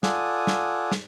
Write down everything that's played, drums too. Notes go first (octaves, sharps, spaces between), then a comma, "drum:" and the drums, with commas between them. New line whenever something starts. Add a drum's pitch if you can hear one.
F4 A4 D5 F#5 G#5 D#6, drum: snare
drum: snare
drum: snare